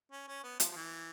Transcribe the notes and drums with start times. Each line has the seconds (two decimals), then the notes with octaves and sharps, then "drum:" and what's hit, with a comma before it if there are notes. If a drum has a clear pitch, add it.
0.12 C#4
0.28 C#4
0.44 B3
0.60 F3, drum: hi-hat
0.72 F3
0.76 E3